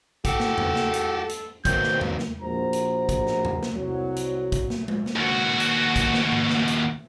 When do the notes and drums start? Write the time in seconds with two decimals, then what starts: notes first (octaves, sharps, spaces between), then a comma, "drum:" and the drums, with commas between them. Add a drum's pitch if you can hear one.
0.25 F#4 G4 A4, drum: kick, hi-hat
0.40 drum: snare
0.58 drum: tom E2
0.76 drum: snare
0.94 drum: hi-hat
1.29 drum: hi-hat
1.65 D#3 F#3 A#3 C4 G6, drum: kick, hi-hat
1.83 drum: snare
2.01 drum: tom E2
2.19 drum: snare
2.43 A#1 F#4 C5 A#5
2.73 drum: hi-hat
3.09 drum: kick, hi-hat
3.27 drum: snare
3.45 drum: tom E2
3.63 drum: snare
3.74 C2 F#3
4.16 drum: hi-hat
4.52 drum: kick, hi-hat
4.70 drum: snare
4.88 drum: tom G#3
5.06 drum: snare
5.16 D#2 F#4
5.60 drum: hi-hat
5.96 drum: kick, hi-hat
6.14 drum: snare
6.32 drum: tom G#2
6.50 drum: snare
6.68 drum: hi-hat